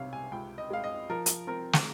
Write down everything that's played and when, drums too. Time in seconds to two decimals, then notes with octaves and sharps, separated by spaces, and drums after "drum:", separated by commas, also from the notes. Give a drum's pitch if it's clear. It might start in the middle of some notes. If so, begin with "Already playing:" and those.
Already playing: C2 C3 C#5 F5
0.13 G#5
0.32 C#2 G5
0.58 D#5
0.70 G#3 F5
0.84 D#5
1.09 F3 A#4
1.26 drum: hi-hat
1.47 C4 A#4
1.73 drum: snare